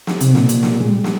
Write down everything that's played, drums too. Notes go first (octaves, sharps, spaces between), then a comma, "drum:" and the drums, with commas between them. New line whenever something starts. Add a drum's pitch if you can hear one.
drum: snare
C3, drum: hi-hat
A#2, drum: snare
drum: hi-hat
drum: snare
G#3
G3
drum: snare